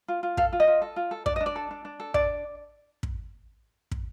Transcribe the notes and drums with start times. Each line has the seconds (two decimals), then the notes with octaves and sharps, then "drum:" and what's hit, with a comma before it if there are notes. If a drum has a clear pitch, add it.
0.08 F4
0.23 F4
0.37 A4 F5, drum: kick
0.53 F4
0.60 D#5
0.67 F4
0.82 A4
0.96 F4
1.11 A4
1.26 D4 D5, drum: kick
1.36 D4 D#5
1.46 D5
1.56 A4
1.71 D4
1.85 D4
2.00 A4
2.14 D4 D5, drum: kick
3.03 drum: kick
3.91 drum: kick